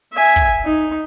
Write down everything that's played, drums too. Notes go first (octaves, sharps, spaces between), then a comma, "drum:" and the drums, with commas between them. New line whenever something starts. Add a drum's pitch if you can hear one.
E5 G#5
drum: kick
D#4